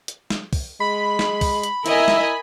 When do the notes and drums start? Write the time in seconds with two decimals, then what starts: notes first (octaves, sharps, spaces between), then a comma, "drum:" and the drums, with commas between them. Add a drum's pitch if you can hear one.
0.08 drum: hi-hat
0.30 drum: snare
0.53 drum: kick, open hi-hat
0.80 G#3 B5
1.19 drum: snare
1.41 drum: kick, open hi-hat
1.63 drum: hi-hat
1.86 E4 A#4 D#5 E5 G#5, drum: hi-hat
2.08 drum: snare